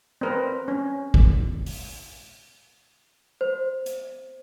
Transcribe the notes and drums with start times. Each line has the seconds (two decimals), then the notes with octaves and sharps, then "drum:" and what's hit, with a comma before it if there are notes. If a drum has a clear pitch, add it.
0.21 C4 A#4 B4
0.68 C#4
1.14 drum: kick G#1
1.66 drum: open hi-hat
3.41 C5
3.86 drum: hi-hat